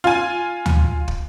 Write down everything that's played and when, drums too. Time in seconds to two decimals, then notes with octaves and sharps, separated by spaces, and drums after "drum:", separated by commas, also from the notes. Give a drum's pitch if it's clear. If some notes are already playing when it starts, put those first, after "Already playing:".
0.04 F4 G#5
0.66 drum: tom D2
1.08 drum: kick